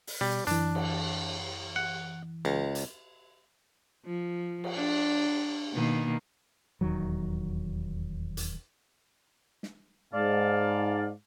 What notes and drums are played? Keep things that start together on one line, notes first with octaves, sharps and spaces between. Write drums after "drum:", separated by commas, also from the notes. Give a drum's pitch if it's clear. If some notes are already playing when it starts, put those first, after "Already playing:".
drum: open hi-hat
B2 G3
F#2 E3 D4, drum: hi-hat
drum: cymbal
F#5
C#2, drum: cymbal
drum: hi-hat
F3
drum: cymbal
D4
B2 D#3 A#3
D#1 E2 D#3 F#3
drum: hi-hat
drum: snare
G#2 D5 F5 A5